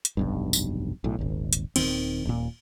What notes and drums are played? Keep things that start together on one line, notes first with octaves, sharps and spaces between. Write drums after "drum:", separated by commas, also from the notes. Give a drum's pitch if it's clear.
drum: hi-hat
F1 B1 G2
drum: tambourine
B1 A2
D#1 G#1
drum: hi-hat
D#1 G#1 D#3 C4, drum: cymbal
D#1 A#2